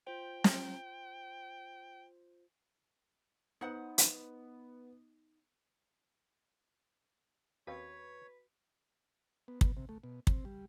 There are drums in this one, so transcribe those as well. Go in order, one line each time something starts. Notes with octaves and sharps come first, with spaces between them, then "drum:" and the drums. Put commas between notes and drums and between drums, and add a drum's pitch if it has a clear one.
F4 C5 G5
drum: snare
B3 D#4 C5 F#5
drum: hi-hat
D#2 C4 C#4 F#4 B4 C#5 F5
B3
B3, drum: kick
C3
A3
B2
C4, drum: kick
G3